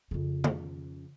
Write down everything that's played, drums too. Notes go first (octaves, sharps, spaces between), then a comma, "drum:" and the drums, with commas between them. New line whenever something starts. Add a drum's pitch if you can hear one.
F2 C#3
drum: tom C#3